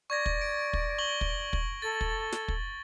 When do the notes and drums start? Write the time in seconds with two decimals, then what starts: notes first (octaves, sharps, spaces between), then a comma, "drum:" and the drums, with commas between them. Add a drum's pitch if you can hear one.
0.10 D5 C#6 G#6 A#6
0.26 drum: kick
0.41 D7
0.73 drum: kick
0.99 C#6 F#7 G7
1.21 drum: kick
1.53 drum: kick
1.82 A4 A6
2.01 drum: kick
2.32 drum: snare
2.48 drum: kick